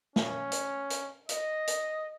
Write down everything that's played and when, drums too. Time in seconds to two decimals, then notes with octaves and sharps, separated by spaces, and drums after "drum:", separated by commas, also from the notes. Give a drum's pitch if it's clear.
0.16 C#4, drum: snare
0.52 drum: hi-hat
0.90 drum: hi-hat
1.29 D#5, drum: hi-hat
1.67 drum: hi-hat